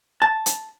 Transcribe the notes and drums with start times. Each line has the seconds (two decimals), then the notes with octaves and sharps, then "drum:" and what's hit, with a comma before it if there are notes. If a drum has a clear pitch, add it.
0.22 A5
0.46 drum: hi-hat